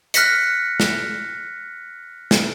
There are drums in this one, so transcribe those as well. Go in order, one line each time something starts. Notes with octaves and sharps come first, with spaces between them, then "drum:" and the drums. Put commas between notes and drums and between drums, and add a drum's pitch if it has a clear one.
F6 F#6 A#6 B6 C#7, drum: hi-hat
drum: snare
drum: snare